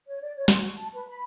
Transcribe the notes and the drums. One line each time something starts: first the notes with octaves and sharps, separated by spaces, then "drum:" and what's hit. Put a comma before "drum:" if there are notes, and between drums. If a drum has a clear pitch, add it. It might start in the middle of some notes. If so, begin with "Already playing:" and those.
C#5
D5
C#5
C6, drum: snare
F#4
A5
B4
B5